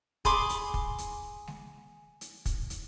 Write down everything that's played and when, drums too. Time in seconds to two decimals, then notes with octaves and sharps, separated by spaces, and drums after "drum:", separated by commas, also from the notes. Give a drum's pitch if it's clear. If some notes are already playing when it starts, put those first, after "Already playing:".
0.25 G#4 B5 C6 D6, drum: kick, hi-hat
0.49 drum: hi-hat
0.74 drum: kick
0.98 drum: hi-hat
1.47 drum: snare G#3
2.21 drum: hi-hat
2.46 drum: kick, hi-hat
2.70 drum: hi-hat